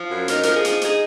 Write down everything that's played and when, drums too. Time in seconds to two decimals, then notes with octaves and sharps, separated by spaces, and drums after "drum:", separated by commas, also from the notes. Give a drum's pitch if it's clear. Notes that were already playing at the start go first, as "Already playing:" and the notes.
Already playing: F3
0.10 F#2
0.28 D#4 A#4, drum: hi-hat
0.43 F3 A#4, drum: hi-hat
0.55 G#4
0.65 D#4, drum: hi-hat
0.81 D#4 G#4, drum: hi-hat